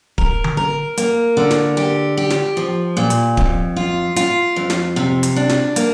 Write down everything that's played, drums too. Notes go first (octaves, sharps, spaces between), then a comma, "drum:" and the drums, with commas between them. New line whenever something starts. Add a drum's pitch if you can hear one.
A#4, drum: kick D1
drum: tom D3
A#4
A#3, drum: hi-hat
D3
drum: snare
G4
G4
drum: snare
F3
A#2
drum: hi-hat
F2, drum: kick D1
F4
F4, drum: hi-hat
F2
drum: snare
C3
drum: hi-hat
D4
drum: snare
A#3, drum: hi-hat